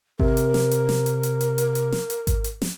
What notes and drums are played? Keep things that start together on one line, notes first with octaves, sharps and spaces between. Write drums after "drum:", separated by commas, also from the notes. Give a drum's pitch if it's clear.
C3 A#4, drum: kick G#1
drum: hi-hat
drum: snare
drum: hi-hat
drum: snare
drum: hi-hat
drum: hi-hat
drum: hi-hat
drum: hi-hat
drum: hi-hat
drum: snare
drum: hi-hat
drum: kick G#1, hi-hat
drum: hi-hat
drum: snare